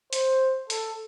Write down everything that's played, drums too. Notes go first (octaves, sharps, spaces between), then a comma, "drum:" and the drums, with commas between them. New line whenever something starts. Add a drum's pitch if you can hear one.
C5, drum: hi-hat
A4, drum: hi-hat